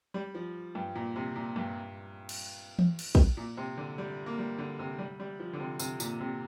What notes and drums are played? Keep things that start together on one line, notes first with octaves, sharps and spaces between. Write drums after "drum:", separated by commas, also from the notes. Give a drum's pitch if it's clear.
G3
F3
G2
A#2
C3
A#2
G2
drum: cymbal
drum: tom E3
drum: cymbal
drum: kick
A#2
C3
D3
G3
A#3
G3
D3
C3
G3
G3
F3
D3
C3
C3, drum: tambourine
A#2, drum: tambourine
C3